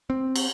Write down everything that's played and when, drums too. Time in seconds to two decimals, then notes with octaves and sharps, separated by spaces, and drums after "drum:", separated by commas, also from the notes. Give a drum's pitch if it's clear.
0.10 C4
0.36 drum: cymbal